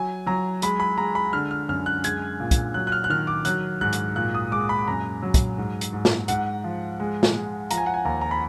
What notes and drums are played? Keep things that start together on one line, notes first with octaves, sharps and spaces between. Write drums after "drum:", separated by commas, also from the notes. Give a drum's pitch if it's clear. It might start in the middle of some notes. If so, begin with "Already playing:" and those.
Already playing: F#3 G#5
F#3 A#5
G#3 B5, drum: hi-hat
B5
G#3 A#5
B5
D3 F6
F6
F#2 F6
F#6
G#3 G#6, drum: hi-hat
A#2
drum: kick, hi-hat
F#3 F#6
F#6
F6
F#6
D#3 F6
D6
F#3 F#6, drum: hi-hat
G#2 F#6
drum: hi-hat
A#2 F#6
D#6
G#3 D6
B5
F#2 A#5
F#3
drum: kick, hi-hat
G#2
drum: hi-hat
G#2
drum: snare
G#2 F#5, drum: hi-hat
F3
G#3
drum: snare
G#3
F3 A#5, drum: hi-hat
G#5
F#5
G#5
D#2 A#5
A#5
B5